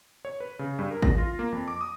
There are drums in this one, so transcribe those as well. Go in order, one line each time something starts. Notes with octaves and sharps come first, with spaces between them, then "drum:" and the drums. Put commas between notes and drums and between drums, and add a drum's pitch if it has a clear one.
C#5
B4
C#3
G2
A#4
A#6, drum: kick G#1
F4
A#3
F2
D6
D#6